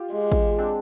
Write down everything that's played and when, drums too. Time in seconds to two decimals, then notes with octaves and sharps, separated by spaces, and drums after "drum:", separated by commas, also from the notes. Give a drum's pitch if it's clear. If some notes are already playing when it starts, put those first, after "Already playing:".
Already playing: F4 G4
0.12 G#3
0.32 drum: kick A1
0.58 C4 D4